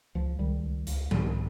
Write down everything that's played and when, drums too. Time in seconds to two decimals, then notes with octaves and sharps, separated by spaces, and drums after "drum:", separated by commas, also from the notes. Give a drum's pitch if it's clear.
0.15 C#2 F3
0.39 C#2 D#3 G3
0.63 C#2
0.87 C#2, drum: hi-hat
1.11 C2 D#3 G3, drum: tom G#2